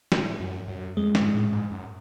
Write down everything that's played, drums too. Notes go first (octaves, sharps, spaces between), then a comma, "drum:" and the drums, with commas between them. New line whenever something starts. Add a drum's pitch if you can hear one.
A2, drum: snare
F#2
F#2
F2 G#3
G#2, drum: snare
A2
G#2
F#2